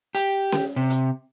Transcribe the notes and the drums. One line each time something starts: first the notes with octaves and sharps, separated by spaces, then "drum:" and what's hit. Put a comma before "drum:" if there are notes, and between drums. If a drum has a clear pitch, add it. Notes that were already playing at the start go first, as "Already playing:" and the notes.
G4, drum: hi-hat
drum: snare C#4
C3
drum: hi-hat